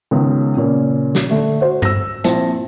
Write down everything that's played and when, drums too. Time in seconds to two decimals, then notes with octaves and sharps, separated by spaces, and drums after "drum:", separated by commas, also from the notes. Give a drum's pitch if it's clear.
0.11 C#2 D#3 G#3 B3 C#4
0.57 A#2 C#3 A#3 C#4
1.15 drum: snare
1.30 D3 A3 A4
1.61 F#4 C5
1.82 E6 A#6, drum: tom G2
2.24 A#1 F3 C4 E4 A5, drum: hi-hat